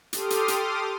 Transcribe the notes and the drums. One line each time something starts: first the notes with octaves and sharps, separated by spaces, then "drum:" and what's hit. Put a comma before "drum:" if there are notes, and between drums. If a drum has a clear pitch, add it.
G4 A4 C6 D6 D#6 F6, drum: hi-hat
drum: hi-hat
drum: hi-hat